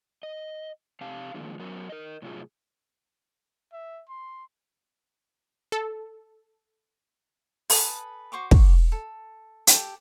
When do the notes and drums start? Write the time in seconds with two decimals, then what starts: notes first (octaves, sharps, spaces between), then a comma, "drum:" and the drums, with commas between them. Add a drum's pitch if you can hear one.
0.23 D#5
1.01 C3 C4 G4 F5 A5
1.34 D3 D#3 F3 G#3 A#3
1.59 F#3 B3 F#4 A#4
1.89 A#4 D#5
2.22 A2 C3 F#3 D#4 F4 G#4
3.73 E5
4.09 C6
5.72 A4
7.70 A4 B4 G#5 D#6, drum: open hi-hat
8.32 F#4 C5 C#6 D6
8.51 drum: kick
8.92 A4
9.67 G4 A4, drum: hi-hat